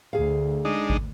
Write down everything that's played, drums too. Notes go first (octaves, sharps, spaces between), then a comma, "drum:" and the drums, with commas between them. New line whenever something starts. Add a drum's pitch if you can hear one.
D2 G#4 F5
G#3 D4 D#4
drum: kick G#1